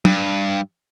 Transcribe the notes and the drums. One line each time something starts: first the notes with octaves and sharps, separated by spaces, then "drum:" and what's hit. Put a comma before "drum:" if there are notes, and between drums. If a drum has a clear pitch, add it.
G2, drum: tom